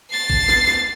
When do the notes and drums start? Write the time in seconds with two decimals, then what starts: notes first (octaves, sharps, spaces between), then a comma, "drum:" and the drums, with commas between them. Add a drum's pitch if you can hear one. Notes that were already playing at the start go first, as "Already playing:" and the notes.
0.11 A6 C7
0.30 drum: kick G#1
0.48 drum: snare
0.67 drum: snare